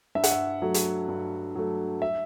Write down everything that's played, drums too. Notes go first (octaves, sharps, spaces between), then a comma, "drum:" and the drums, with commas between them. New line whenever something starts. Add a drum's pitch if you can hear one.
G2 E5
F#5, drum: hi-hat
E5
F#3 A3
drum: hi-hat
G2
F#3 A3
E5